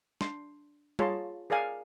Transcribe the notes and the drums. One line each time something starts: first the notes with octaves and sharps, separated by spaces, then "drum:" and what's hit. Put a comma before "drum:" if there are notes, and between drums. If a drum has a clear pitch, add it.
D4 C6, drum: snare
F4 G#4 C#5 A5 A#5 C6, drum: tom G3
G#4 A#4 D5 F5 G#5